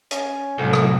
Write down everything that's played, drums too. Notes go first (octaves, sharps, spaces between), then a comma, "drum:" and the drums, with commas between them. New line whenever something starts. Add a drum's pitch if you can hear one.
C#4, drum: hi-hat
C2 F2 A2 F#3
drum: rim click